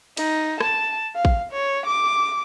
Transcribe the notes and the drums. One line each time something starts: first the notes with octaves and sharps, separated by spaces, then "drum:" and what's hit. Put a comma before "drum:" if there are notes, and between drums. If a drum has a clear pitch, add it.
D#4, drum: cymbal
A5, drum: rim click
F5
drum: kick
C#5
D6